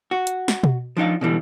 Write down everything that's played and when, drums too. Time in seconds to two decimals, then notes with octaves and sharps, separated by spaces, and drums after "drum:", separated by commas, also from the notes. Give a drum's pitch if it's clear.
0.11 F#4
0.27 drum: hi-hat
0.48 drum: snare
0.64 drum: tom B2
0.97 F3 D4 D#4 F5
1.21 B2 D3 E3 G3